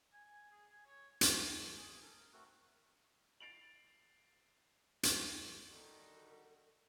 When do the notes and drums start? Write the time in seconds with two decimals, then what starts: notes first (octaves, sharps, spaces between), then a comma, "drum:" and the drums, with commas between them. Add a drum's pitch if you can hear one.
0.13 G#5
0.52 G#4
0.71 G#5
0.86 C#5
1.21 drum: hi-hat
1.43 F5
1.55 A5
1.77 G#4 G#5
2.02 A4 A#4
2.17 A#4
2.33 A3 C4 F#4 A4 A#4 F#6
3.40 A6 C7 D7 F7 F#7
5.03 drum: hi-hat
5.70 D3 D#3 G3 F#4 A4